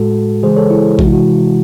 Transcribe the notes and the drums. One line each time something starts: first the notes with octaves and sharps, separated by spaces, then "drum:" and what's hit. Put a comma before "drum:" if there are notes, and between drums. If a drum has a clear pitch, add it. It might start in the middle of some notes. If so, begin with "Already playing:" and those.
Already playing: A2 G#3 F#4 A4
C#3 E3 G#3 G#4 C5
A4 C#5
E4 G#4
C3 E3 G#3 F#4, drum: kick A#1
E4
F#4